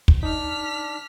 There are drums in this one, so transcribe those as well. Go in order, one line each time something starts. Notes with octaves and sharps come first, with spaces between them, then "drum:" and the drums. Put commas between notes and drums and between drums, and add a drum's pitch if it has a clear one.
drum: kick
D4 D#4 F6 B6